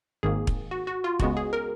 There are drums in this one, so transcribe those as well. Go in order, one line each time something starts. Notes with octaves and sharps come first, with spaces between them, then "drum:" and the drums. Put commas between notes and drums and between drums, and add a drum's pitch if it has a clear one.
G#1 G#2 D#3 A#3 G#4
drum: kick
F#4
F#4
F4
C#2 C#3 G#3 B3 F#4, drum: kick
G#4
A#4